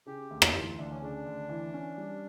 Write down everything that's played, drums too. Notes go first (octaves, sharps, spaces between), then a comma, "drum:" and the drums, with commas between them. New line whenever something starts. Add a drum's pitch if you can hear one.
C#3 G4
D2
F4, drum: rim click
E3
D2 D4
C#4
C#3 D4
D2
E3
C#4
G3